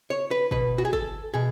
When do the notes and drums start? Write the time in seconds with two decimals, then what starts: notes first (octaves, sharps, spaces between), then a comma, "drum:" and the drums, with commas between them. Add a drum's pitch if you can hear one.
0.10 C#5
0.31 B4
0.51 B2 B4, drum: kick
0.78 F#4
0.85 G#4
0.93 A4, drum: kick
1.34 B2 G#4